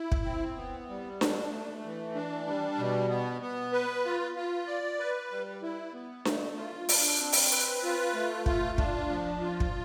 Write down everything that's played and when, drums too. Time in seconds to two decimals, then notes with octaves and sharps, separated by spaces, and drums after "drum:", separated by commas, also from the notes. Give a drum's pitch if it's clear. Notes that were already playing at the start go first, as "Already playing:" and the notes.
Already playing: E4
0.12 drum: kick
0.25 C4
0.57 B3
0.89 G3
1.21 D4, drum: snare D4
1.52 A3
1.84 E3
2.15 D4
2.47 G3
2.79 B2
3.09 B3
3.42 B3
3.72 B4
4.05 F4
4.36 F4
4.67 D5
4.99 B4
5.31 G3
5.62 E4
5.93 B3
6.25 A3, drum: snare D4
6.57 F4
6.89 D4, drum: open hi-hat
7.20 C4
7.32 drum: open hi-hat
7.52 B4, drum: hi-hat
7.83 F4
8.14 A3
8.46 F4, drum: kick
8.78 D4, drum: kick
9.10 F3
9.41 F4
9.60 drum: kick